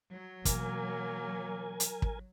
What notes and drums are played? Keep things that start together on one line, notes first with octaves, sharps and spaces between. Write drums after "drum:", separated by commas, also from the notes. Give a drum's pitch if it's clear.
F#3
B2 E3 A#3 A#4 G#5, drum: kick, hi-hat
drum: hi-hat
drum: kick